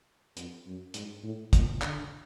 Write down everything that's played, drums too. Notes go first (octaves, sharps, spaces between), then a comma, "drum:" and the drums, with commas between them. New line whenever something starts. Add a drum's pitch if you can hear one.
F2, drum: hi-hat
F#2
G#2, drum: hi-hat
A2
A#2, drum: kick, hi-hat
D3, drum: clap